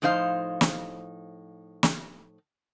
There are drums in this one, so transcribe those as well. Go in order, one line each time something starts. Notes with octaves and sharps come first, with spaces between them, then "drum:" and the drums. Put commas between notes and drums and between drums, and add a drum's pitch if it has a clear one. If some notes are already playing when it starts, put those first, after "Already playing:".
A2 F3 D#4 C5 F5
drum: snare
drum: snare